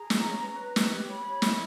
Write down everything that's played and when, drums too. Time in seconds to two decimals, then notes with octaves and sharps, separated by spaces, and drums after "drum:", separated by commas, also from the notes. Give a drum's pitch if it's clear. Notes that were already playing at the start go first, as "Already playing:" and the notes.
Already playing: G#4 A#5
0.10 F4, drum: snare
0.27 C#4
0.43 B4
0.59 B4
0.76 B4, drum: snare
0.92 G4
1.08 C#5 B5
1.26 C#5
1.42 E4, drum: snare